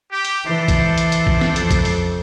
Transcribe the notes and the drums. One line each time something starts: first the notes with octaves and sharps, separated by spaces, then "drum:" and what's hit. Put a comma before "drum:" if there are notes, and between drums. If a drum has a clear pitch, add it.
G4
drum: hi-hat
E3 D4 A4 C5
drum: kick A#1, hi-hat
drum: hi-hat
drum: hi-hat
drum: kick A#1
drum: snare
F2, drum: hi-hat
drum: kick A#1, hi-hat
drum: open hi-hat